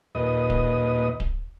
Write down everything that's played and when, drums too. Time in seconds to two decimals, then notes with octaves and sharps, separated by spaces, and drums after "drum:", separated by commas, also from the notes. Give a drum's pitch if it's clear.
0.15 D#2 A#2 B4 D#5 D#6
0.50 drum: kick D1
1.20 drum: kick D1